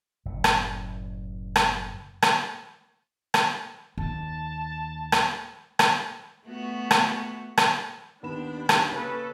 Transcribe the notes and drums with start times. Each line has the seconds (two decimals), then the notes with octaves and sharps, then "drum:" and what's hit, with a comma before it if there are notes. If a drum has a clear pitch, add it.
0.25 F#1 A2
0.44 drum: rim click
1.56 drum: rim click
2.22 drum: rim click
3.34 drum: rim click
3.98 D#2 A5
5.12 drum: rim click
5.79 drum: rim click
6.46 A3 B3 F#4
6.91 drum: rim click
7.57 drum: rim click
8.23 D#2 B3 D4 G4 B5 E7
8.69 drum: rim click
8.92 C#3 A#3 C#4 A4 B4